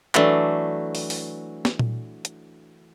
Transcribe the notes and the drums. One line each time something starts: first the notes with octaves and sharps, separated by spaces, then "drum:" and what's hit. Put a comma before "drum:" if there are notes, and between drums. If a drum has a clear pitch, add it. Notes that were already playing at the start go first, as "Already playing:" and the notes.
E3 F#3 A3 D4, drum: clap
drum: open hi-hat
drum: open hi-hat
drum: snare
drum: tom A#2
drum: hi-hat